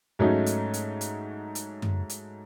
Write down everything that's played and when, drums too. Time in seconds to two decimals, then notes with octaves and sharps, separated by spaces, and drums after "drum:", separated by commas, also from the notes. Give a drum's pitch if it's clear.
0.19 G#2 F#3 A3 C#4 D#4
0.46 drum: hi-hat
0.74 drum: hi-hat
1.01 drum: hi-hat
1.55 drum: hi-hat
1.82 drum: tom F#2
2.10 drum: hi-hat